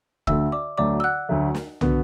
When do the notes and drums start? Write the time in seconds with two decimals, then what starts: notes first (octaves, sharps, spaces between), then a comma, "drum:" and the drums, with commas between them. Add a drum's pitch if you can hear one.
0.27 D2 D3 A3 E5 E6, drum: kick
0.52 D5 D6
0.78 D2 D3 F#3 A3 D5 D6
1.00 E6
1.04 F#5 F#6
1.29 D2 D3 F#3 A3
1.55 drum: snare
1.81 D3 B3 F#4, drum: tom